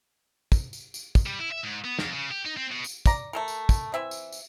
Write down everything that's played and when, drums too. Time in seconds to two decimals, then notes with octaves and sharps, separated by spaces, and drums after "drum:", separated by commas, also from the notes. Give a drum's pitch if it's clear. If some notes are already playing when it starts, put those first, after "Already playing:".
0.52 drum: kick, tambourine
0.73 drum: tambourine
0.94 drum: tambourine
1.15 drum: kick, tambourine
1.26 G3
1.40 E4
1.52 E5
1.64 G#2
1.84 B3
1.99 F2, drum: snare
2.13 C#3
2.31 G4
2.46 D#4
2.57 C4
2.71 B2
2.84 drum: tambourine
3.06 D5 A#5, drum: kick, tambourine
3.33 A3 A4 A#4
3.48 drum: tambourine
3.69 drum: kick, tambourine
3.94 E3 C4 E5
4.11 drum: tambourine
4.32 drum: tambourine